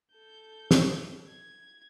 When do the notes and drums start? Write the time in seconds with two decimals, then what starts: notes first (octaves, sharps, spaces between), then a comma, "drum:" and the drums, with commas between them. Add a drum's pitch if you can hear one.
0.14 A4 G6
0.71 drum: snare
1.28 G#6